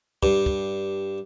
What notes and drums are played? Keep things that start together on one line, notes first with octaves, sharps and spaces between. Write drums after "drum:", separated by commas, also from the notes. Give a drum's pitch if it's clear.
G2, drum: kick
drum: kick